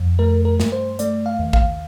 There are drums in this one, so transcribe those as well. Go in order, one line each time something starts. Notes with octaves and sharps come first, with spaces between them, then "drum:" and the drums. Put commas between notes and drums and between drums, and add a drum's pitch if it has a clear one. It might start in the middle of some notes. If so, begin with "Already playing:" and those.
Already playing: F2
A3 A#4
A#4
G2, drum: snare
C5
A3 D5, drum: hi-hat
F5
D#2
F5, drum: kick